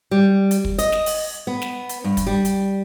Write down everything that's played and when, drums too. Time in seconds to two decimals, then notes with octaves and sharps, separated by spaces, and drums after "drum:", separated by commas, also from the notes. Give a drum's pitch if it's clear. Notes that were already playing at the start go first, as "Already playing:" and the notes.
0.11 G3
0.51 drum: hi-hat
0.65 drum: kick
0.78 D#5, drum: hi-hat
0.92 drum: snare
1.06 drum: open hi-hat
1.47 B3
1.62 drum: snare
1.89 drum: hi-hat
2.04 G2
2.17 drum: kick, hi-hat
2.27 G3
2.45 drum: hi-hat